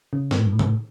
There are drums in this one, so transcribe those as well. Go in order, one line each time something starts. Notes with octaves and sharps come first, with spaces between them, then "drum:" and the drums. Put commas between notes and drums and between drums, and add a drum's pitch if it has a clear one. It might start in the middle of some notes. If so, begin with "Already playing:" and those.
C#3
G2, drum: snare
A2
G2
A2
G2, drum: tom C3
A2